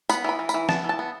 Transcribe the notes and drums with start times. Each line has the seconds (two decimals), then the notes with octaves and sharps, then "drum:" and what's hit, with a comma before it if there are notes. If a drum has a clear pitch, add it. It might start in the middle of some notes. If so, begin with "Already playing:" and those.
0.09 B3 B5, drum: tambourine
0.24 E3 B5
0.39 E3
0.49 B5, drum: tambourine
0.54 E3
0.69 B3 A5, drum: snare
0.84 E3 A5
0.99 B3